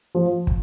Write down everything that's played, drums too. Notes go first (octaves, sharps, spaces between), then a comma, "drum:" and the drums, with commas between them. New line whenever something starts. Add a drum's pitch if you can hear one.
F3
drum: kick